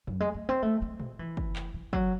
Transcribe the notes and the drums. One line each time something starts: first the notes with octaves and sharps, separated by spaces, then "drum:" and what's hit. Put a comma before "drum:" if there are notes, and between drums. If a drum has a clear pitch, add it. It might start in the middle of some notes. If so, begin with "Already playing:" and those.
F#3, drum: tom F2
G#3
A3
C4
A3
G#3
G#3, drum: tom A#2
E3
drum: kick
drum: clap
E3
F#3, drum: kick